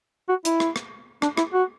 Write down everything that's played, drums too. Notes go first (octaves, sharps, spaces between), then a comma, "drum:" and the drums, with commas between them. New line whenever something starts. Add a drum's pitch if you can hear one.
F#4
E4, drum: hi-hat
drum: rim click
drum: rim click
D4, drum: rim click
E4, drum: rim click
F#4